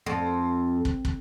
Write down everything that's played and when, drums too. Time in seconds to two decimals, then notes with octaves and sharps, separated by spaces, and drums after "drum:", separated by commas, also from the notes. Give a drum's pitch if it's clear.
0.06 F2
0.85 drum: kick
1.05 drum: kick